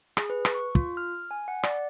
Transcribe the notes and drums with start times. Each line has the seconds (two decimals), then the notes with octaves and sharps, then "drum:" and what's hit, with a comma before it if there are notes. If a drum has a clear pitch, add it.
0.17 G#4, drum: rim click
0.30 B4
0.45 drum: rim click
0.55 C#6
0.75 F4, drum: kick
0.97 F6
1.31 G#5
1.48 F#5
1.63 D5, drum: rim click